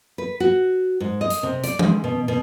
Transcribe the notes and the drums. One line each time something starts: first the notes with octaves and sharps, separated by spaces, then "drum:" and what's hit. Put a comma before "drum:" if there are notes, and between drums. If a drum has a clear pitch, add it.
B4
F#4
G#2
D#5
drum: hi-hat
C3
D5, drum: hi-hat
G#3, drum: tom E3
B2
B2